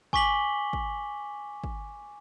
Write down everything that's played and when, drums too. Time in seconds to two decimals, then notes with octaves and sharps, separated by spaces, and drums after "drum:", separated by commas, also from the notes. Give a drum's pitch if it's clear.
0.13 G#5 C#6 D6 B6 F#7 G7, drum: kick
0.73 drum: kick
1.64 drum: kick